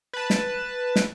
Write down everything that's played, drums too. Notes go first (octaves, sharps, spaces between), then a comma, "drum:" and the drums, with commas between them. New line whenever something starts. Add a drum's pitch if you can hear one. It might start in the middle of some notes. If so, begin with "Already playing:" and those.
B4 A5
drum: snare
drum: snare